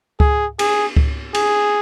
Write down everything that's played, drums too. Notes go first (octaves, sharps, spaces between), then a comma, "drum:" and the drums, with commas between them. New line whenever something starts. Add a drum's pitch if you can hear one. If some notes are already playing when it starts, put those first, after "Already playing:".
G#4, drum: kick C#2
G#4, drum: cymbal
drum: kick C#2
G#4, drum: cymbal